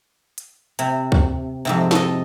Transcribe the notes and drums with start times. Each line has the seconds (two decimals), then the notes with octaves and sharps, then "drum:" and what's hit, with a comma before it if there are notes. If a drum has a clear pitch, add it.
0.38 drum: hi-hat
0.79 C3, drum: hi-hat
1.12 drum: kick
1.65 F2 G#2 C3
1.91 A4 D#5, drum: snare D#4